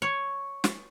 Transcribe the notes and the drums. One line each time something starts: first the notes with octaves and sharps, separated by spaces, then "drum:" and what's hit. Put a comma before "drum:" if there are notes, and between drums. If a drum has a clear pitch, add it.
C#5
drum: snare